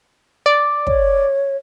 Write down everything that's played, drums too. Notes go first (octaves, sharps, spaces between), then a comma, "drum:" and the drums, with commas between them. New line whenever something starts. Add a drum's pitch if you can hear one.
D5
C#5, drum: kick